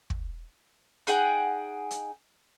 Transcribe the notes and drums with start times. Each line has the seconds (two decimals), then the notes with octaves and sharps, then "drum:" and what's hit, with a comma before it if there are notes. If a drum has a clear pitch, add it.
0.10 drum: kick
1.07 D#4 G#4 F#5 G5, drum: hi-hat
1.91 drum: hi-hat